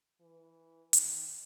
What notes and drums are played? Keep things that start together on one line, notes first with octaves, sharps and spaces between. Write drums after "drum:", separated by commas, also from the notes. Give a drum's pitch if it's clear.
E3
D#3, drum: hi-hat